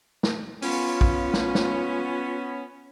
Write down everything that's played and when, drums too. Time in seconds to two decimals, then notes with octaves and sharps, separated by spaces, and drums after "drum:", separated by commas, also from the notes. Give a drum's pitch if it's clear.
0.23 drum: snare
0.62 B3 C#4 F4, drum: open hi-hat
1.01 drum: kick A#1
1.33 drum: snare
1.55 drum: snare